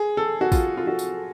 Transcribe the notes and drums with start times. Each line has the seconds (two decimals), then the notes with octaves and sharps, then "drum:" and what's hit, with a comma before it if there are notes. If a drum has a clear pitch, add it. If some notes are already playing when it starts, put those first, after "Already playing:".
Already playing: G#4
0.17 A4
0.41 F#4
0.52 F4, drum: kick, tambourine
0.77 F4
0.87 F#4
0.99 drum: tambourine